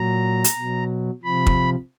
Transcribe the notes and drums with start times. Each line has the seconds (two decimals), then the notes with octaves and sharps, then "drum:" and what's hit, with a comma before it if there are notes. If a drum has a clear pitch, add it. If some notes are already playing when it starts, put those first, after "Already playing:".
Already playing: A#2 F#3 A#5
0.44 drum: hi-hat
0.57 B2
0.62 F#3
1.23 C3 F3 B5
1.47 drum: kick